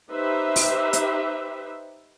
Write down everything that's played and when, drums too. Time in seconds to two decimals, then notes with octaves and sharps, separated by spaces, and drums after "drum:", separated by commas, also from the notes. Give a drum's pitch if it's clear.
0.11 D#4 G4 B4 C5 E5
0.56 drum: open hi-hat
0.93 drum: hi-hat